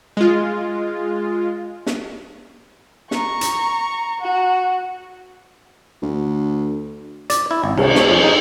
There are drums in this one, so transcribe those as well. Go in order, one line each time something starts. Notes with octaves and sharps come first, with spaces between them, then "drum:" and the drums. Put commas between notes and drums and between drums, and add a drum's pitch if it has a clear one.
G#3 F4
drum: snare
A#5 C#6, drum: snare
drum: hi-hat
F#4
D2
D5, drum: hi-hat
E4
G#1
C2, drum: cymbal
A3, drum: snare
F2
D#4